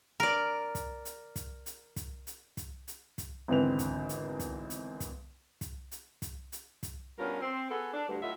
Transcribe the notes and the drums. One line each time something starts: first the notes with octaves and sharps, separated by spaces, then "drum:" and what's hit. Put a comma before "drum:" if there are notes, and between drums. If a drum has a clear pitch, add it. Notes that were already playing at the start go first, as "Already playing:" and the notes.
A#4 D5
drum: kick, hi-hat
drum: hi-hat
drum: kick, hi-hat
drum: hi-hat
drum: kick, hi-hat
drum: hi-hat
drum: kick, hi-hat
drum: hi-hat
drum: kick, hi-hat
G#1 E2 D3 C4 B4 F7
drum: kick, hi-hat
drum: hi-hat
drum: kick, hi-hat
drum: hi-hat
drum: kick, hi-hat
drum: kick, hi-hat
drum: hi-hat
drum: kick, hi-hat
drum: hi-hat
drum: kick, hi-hat
G2 B2 C#4 F4 A#4
C4
B3 F#4 G#4 A4
D4
D2 G2
A2 F#3 F4 D#5 E5